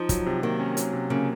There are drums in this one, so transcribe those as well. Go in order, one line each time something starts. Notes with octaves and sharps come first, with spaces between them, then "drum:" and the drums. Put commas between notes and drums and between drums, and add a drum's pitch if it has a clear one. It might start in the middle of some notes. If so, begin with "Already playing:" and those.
Already playing: F3 D#4
F#3, drum: kick, hi-hat
C3
D#3 A#3
C#4
F#3, drum: hi-hat
C3
C#3 A#3